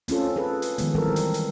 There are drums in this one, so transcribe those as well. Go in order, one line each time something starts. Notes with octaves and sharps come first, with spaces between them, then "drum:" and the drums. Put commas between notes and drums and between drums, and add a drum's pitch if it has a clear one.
C4 C#4 F4 A4, drum: hi-hat
G#4 A4 B4
drum: hi-hat
D#3 F3 G#3 B3, drum: hi-hat
E3 G3 C4 A4 A#4
drum: hi-hat
drum: hi-hat